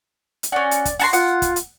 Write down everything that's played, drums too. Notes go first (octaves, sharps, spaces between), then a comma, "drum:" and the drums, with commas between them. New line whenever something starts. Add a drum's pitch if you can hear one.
drum: hi-hat
C#4 F#4 D5
drum: hi-hat
drum: kick, hi-hat
F#4 A5 C6, drum: open hi-hat
F4 F#5, drum: hi-hat
drum: kick, hi-hat
drum: hi-hat